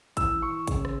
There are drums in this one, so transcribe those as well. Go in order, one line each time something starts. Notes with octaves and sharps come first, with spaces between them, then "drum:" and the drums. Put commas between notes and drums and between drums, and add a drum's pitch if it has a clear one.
E3 E6, drum: kick A1, hi-hat
C#6
C#3, drum: kick A1, hi-hat
drum: rim click